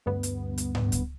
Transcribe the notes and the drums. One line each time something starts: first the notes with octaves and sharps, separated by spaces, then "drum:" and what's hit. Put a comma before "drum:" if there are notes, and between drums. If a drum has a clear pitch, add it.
D2 G2 B3
drum: hi-hat
drum: hi-hat
drum: tom G#2
drum: kick C#2, hi-hat